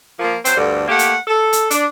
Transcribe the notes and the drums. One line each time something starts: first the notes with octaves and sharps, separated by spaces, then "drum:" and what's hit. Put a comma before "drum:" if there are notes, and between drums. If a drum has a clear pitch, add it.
F3 A#3
F#3 C4 C5, drum: hi-hat
D2 G2 D3
A3 A#3 G4 F#5
drum: hi-hat
A4
drum: hi-hat
D4, drum: hi-hat